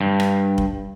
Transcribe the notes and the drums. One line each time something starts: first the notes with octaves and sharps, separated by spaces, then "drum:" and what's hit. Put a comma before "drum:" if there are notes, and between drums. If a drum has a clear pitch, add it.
G2
drum: rim click
drum: kick F1